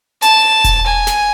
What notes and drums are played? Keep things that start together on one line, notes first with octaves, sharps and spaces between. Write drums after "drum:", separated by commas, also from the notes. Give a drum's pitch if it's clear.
A5, drum: hi-hat
drum: kick E1, hi-hat
G#5
drum: snare